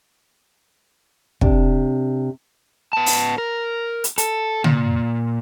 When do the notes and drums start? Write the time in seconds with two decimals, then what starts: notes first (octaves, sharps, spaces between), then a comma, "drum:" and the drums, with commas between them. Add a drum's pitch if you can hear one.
1.41 C3 D4, drum: kick
2.93 B3 A5
3.06 drum: open hi-hat
3.38 A#4
4.04 drum: hi-hat
4.18 A4, drum: hi-hat
4.64 A#2, drum: tom